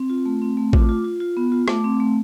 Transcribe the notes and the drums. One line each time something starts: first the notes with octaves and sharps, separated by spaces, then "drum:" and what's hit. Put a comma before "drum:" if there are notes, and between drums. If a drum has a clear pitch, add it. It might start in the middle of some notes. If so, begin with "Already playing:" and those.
Already playing: C4
F4
A3
C4
A3
F4 D6, drum: kick A1
F4
F4
F4
B3
F4
A3 D6, drum: rim click
C4
A3